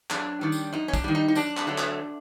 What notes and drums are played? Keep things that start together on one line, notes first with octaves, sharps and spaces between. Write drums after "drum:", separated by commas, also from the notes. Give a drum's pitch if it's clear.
F#2 D4, drum: clap
D#3 G3
drum: tambourine
F#2 D#4
C#4
D4, drum: kick, tambourine
D#3 G3
D#4
D#4
F#2 D4, drum: tambourine
drum: clap
D3 F#3 A3
drum: clap